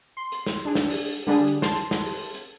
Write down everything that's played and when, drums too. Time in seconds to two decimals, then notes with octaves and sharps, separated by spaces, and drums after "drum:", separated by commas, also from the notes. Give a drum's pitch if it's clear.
0.17 C6
0.32 drum: hi-hat
0.46 drum: snare
0.65 D4 G#4
0.75 drum: snare
0.90 drum: open hi-hat
1.27 D3 G3 D4 G#4
1.48 drum: hi-hat
1.62 A5 C6, drum: snare
1.77 drum: hi-hat
1.91 drum: snare
2.06 drum: open hi-hat
2.35 drum: hi-hat